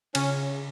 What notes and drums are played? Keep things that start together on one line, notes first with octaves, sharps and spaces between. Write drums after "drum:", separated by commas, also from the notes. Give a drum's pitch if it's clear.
C#3 C#4, drum: cymbal